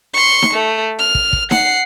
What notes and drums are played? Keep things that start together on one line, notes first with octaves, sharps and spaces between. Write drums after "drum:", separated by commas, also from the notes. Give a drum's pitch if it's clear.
C6 C#6
drum: snare D#4
A3
F6
drum: kick
drum: kick
F#5 C7, drum: snare D#4